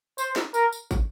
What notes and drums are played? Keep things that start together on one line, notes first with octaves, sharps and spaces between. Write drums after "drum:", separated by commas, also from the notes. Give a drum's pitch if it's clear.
C5, drum: tambourine
drum: snare
A#4, drum: tambourine
drum: tambourine
drum: kick, tambourine